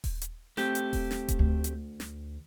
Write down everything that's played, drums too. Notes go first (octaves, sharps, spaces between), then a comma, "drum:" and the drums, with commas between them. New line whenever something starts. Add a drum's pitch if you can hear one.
drum: kick D#1, open hi-hat
drum: hi-hat
A3 C4 G4, drum: snare
drum: hi-hat
drum: kick D#1, open hi-hat
drum: snare
drum: kick D#1, hi-hat
D2
drum: hi-hat
drum: snare